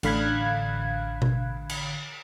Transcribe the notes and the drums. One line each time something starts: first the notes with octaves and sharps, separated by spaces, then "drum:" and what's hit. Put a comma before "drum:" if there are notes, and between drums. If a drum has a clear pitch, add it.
A1 D3 F5 B5 F#6 G#6, drum: cymbal
drum: tom B2
drum: cymbal